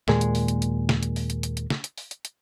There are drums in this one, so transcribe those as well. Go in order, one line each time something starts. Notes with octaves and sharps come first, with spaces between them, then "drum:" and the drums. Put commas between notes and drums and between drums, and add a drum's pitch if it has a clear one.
D#2 A#2 G#3, drum: snare
drum: hi-hat
drum: open hi-hat
drum: hi-hat
drum: hi-hat
drum: snare
drum: hi-hat
drum: open hi-hat
drum: hi-hat
drum: hi-hat
drum: hi-hat
drum: snare
drum: hi-hat
drum: open hi-hat
drum: hi-hat
drum: hi-hat